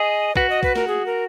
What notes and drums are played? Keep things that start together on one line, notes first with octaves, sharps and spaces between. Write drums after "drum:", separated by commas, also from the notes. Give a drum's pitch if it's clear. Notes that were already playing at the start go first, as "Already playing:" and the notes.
Already playing: G#4 D#5
F#4 B4, drum: kick
D#5
B4, drum: kick
A#4, drum: snare
G#4
A#4